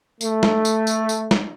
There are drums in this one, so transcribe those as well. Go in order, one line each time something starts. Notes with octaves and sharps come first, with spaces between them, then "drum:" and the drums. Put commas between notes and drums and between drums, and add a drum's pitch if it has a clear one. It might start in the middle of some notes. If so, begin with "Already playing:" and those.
A3, drum: tambourine
drum: snare
drum: tambourine
drum: tambourine
drum: tambourine
drum: snare